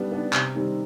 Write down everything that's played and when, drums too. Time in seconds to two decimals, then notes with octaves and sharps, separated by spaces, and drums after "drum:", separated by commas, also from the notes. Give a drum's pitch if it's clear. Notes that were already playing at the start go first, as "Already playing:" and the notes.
Already playing: G3 B3 D4
0.12 B3 D4
0.33 C3, drum: clap
0.54 D#3 G3 C4